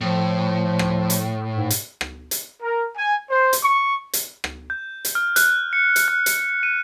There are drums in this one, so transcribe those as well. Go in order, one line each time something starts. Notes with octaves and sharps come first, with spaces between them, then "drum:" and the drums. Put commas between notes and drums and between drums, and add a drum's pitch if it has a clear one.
A2 F3
drum: rim click
drum: hi-hat
G#2
drum: hi-hat
drum: rim click
drum: hi-hat
A#4
G#5
C5
drum: hi-hat
C#6
drum: hi-hat
drum: rim click
G6
drum: hi-hat
F6
F#6, drum: hi-hat
C#7
drum: hi-hat
F#6
drum: hi-hat
D#7